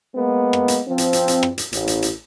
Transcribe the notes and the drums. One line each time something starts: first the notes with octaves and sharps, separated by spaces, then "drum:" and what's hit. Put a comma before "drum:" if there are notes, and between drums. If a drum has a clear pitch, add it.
G#3 A#3 B3
drum: rim click
drum: hi-hat
F3 C4
drum: hi-hat
drum: hi-hat
drum: hi-hat
drum: rim click
drum: hi-hat
A1, drum: hi-hat
drum: hi-hat
drum: hi-hat